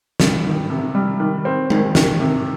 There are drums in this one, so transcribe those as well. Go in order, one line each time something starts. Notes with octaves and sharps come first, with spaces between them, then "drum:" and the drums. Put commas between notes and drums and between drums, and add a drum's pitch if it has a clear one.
G3, drum: snare
D#3
C3
G3
D#3
C4
D#3, drum: tom G#3
D#3, drum: snare
C3